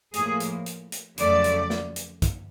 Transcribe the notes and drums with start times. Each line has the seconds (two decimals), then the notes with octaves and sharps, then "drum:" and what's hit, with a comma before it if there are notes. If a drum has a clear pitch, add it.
0.14 A2 F3 A#3 G#4, drum: hi-hat
0.40 drum: hi-hat
0.66 drum: hi-hat
0.92 drum: hi-hat
1.18 F2 C#3 F#3 A3 D5, drum: hi-hat
1.44 drum: hi-hat
1.70 drum: snare
1.96 drum: hi-hat
2.22 drum: kick, hi-hat